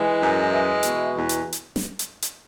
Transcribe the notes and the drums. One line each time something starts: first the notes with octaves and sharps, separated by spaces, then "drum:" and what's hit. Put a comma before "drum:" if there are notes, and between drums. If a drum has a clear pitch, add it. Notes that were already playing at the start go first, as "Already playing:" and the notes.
Already playing: E3 G#3
F#2
E3
B2, drum: hi-hat
E2
drum: hi-hat
drum: hi-hat
drum: snare
drum: hi-hat
drum: hi-hat